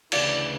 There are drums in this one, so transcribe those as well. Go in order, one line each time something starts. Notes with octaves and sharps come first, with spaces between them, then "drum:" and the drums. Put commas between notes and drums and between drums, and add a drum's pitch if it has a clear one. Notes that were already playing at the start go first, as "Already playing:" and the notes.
D2 C#3 E3 D5, drum: cymbal